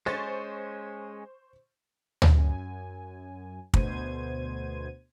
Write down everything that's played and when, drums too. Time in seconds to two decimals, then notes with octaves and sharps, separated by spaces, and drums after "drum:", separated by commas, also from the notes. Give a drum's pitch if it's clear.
0.06 G#3 C#4 C5 C#6 A6
2.22 drum: tom
2.34 F#2 G#5
3.74 D2 B2 A3 C5 G#6 D#7, drum: kick